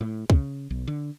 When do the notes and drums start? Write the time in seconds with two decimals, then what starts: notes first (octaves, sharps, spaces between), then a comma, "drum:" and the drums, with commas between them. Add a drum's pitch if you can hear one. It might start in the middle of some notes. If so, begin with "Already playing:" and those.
0.01 A2
0.30 C#3, drum: kick
0.70 B1
0.88 D3